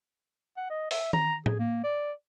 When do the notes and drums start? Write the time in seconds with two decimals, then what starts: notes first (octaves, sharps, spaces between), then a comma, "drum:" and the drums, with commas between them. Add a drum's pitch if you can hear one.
0.57 F#5
0.70 D#5
0.91 E5, drum: open hi-hat
1.13 A#5, drum: tom D#3
1.46 G#4, drum: tom A2
1.59 A#3
1.84 D5